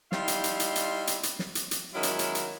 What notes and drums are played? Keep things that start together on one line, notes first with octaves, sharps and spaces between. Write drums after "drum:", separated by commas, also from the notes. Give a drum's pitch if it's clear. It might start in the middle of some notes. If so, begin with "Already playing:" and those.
G3 D#4 E4 F5 C6, drum: snare
drum: hi-hat
drum: hi-hat
drum: hi-hat
drum: hi-hat
drum: hi-hat
drum: hi-hat
drum: snare
drum: hi-hat
drum: hi-hat
D#3 F#3 G#3 C#4 E4
drum: hi-hat
drum: hi-hat
drum: hi-hat